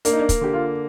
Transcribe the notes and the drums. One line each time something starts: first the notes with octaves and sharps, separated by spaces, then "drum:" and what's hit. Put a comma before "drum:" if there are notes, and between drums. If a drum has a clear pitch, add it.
A#3 D4, drum: hi-hat
D#4
D4
drum: kick, hi-hat
D3 G4
F4